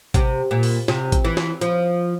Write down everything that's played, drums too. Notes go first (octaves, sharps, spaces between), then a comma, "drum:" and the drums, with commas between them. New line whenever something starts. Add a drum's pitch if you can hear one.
C3, drum: kick, hi-hat
A#2
drum: open hi-hat
C3, drum: snare
drum: kick, hi-hat
E3
drum: snare
F3, drum: hi-hat